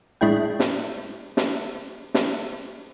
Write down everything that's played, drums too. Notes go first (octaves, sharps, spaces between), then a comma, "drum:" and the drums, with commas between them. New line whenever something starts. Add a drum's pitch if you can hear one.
A2 G#3 D4 E4 G5
drum: snare
drum: snare
drum: snare